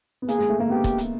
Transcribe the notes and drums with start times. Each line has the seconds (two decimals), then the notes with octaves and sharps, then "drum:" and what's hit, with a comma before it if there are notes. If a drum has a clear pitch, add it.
0.22 B3
0.28 A#3 G#4, drum: hi-hat
0.39 G#3
0.49 A3
0.60 A#3
0.70 B3 G4
0.84 drum: kick, hi-hat
0.98 drum: hi-hat